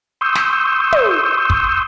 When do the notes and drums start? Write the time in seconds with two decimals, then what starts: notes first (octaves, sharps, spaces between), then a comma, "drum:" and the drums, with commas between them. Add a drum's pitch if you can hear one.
0.21 C6 C#6 D#6 E6 G6
0.35 drum: snare
0.93 drum: tom
1.50 drum: kick